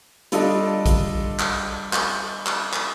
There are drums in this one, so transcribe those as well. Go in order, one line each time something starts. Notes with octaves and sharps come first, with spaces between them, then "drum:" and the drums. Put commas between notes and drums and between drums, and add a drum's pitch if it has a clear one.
G3 D4 F4 A4 D5 D#5, drum: hi-hat
drum: kick A#1, hi-hat
drum: clap
drum: clap
drum: clap
drum: clap